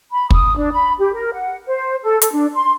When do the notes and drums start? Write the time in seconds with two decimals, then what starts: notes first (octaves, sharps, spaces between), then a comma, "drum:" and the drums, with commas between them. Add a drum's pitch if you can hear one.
0.11 B5
0.30 D#6, drum: kick
0.57 D4
0.72 B5
0.99 G4
1.13 A#4
1.33 F#5
1.66 C5
2.03 A4
2.22 A4, drum: hi-hat
2.34 D4
2.54 C6